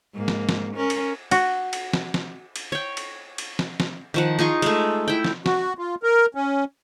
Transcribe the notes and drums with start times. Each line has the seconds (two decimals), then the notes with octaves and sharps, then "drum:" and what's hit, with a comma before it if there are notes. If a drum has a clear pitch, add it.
0.14 G#2 A#3
0.28 drum: snare
0.49 drum: snare
0.75 C#4 A#4
0.90 drum: cymbal
1.31 F#4, drum: cymbal
1.73 drum: cymbal
1.93 drum: snare
2.14 drum: snare
2.56 drum: cymbal
2.72 C#5 G5
2.97 drum: cymbal
3.38 drum: cymbal
3.59 drum: snare
3.80 drum: snare
4.14 D#3 F3 F#5
4.39 D#4 F4 G#4 C#6
4.62 G#3 A3, drum: cymbal
5.08 E4 G5
5.25 drum: snare
5.46 F#4, drum: snare
5.78 F4
6.03 A#4
6.35 C#4